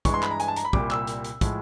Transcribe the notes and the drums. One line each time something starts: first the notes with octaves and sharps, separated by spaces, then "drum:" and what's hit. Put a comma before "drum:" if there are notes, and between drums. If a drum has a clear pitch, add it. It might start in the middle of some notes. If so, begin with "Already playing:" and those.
G2 E3 G#3 C#6, drum: kick, hi-hat
C6
B5, drum: clap
A#5
G#5, drum: hi-hat
A5
A#5, drum: hi-hat
B5
C2 A#2 G3 D6, drum: kick
E6, drum: clap
drum: hi-hat
drum: hi-hat
A2 F3 G#3, drum: kick, hi-hat